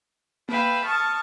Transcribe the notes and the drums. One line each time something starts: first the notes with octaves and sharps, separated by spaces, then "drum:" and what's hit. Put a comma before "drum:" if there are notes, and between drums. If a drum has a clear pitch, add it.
B4 E5 F5 G5, drum: tom A#3
A5 C#6 D#6 F6